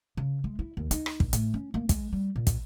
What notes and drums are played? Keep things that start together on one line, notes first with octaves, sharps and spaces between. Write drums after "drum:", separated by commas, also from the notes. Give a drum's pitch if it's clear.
C#3
G#3
E4
D#2
D#4, drum: hi-hat
drum: rim click
A#1, drum: kick
A2, drum: hi-hat
C#4
A#3
G#3, drum: kick, hi-hat
G3
A#2
drum: kick, hi-hat